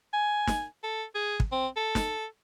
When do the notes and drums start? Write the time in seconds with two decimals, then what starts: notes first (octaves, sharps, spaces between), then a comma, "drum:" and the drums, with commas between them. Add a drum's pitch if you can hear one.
0.13 G#5
0.47 drum: snare
0.84 A4
1.15 G#4
1.40 drum: kick
1.52 C4
1.77 A4
1.95 drum: snare